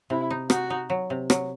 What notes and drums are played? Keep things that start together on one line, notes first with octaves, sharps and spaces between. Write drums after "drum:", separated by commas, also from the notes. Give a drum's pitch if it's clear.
C3 E4
D#4
D#4 F#4, drum: rim click
D#4
F#3
C3
F#3, drum: rim click